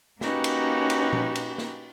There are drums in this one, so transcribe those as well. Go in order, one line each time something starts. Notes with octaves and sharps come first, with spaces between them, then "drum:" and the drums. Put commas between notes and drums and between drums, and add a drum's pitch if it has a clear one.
A#3 C#4 D#4 F#4 G4 B4, drum: snare
drum: cymbal
drum: cymbal
drum: tom A#2
drum: cymbal
drum: snare